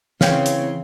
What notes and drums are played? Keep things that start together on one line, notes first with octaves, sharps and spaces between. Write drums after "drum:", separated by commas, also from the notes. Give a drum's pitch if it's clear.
C#3 E3 C4 C#5 F5 G5, drum: snare
drum: hi-hat